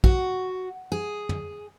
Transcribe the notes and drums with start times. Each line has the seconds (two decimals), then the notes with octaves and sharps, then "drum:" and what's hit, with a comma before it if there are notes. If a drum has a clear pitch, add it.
0.04 F#4, drum: kick
0.92 G#4
1.29 drum: tom